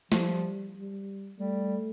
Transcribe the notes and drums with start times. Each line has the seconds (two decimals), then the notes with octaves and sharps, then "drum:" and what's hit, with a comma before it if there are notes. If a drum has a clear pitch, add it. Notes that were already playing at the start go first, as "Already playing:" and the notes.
0.12 F3 G3, drum: snare
0.75 G3
1.39 G3 A3